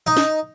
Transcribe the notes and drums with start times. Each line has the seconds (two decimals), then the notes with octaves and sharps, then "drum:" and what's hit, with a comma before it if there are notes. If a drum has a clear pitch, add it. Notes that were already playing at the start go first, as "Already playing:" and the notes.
0.07 D#4
0.17 drum: snare